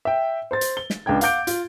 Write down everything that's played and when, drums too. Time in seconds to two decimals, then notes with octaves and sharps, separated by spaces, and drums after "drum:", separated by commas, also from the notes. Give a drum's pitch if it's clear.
0.05 E5 G5
0.51 C5 C6 A6
0.61 drum: hi-hat
0.77 G7
0.90 drum: snare
1.06 C#2 D4 G5 G#6
1.21 F5 F#5 D6 G6 D7, drum: hi-hat
1.47 F4, drum: hi-hat